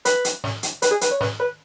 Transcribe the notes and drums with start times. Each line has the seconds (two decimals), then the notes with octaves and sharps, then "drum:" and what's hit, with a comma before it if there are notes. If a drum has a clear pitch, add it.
0.05 B4, drum: hi-hat
0.25 drum: hi-hat
0.44 drum: snare
0.63 drum: hi-hat
0.82 B4, drum: hi-hat
0.91 G#4
1.01 B4, drum: hi-hat
1.11 C#5
1.21 B4, drum: snare
1.40 B4